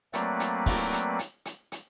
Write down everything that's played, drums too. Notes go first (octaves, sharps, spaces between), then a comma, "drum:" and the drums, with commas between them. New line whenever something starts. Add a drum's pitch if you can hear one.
F#3 A3 A#3 C4 B4 D5, drum: hi-hat
drum: hi-hat
drum: kick, open hi-hat
drum: hi-hat
drum: hi-hat
drum: hi-hat
drum: hi-hat